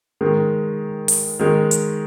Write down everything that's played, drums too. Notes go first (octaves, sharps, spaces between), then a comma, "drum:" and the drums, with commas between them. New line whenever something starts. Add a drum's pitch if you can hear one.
D#3 G#3
drum: open hi-hat
D#3 G#3
drum: hi-hat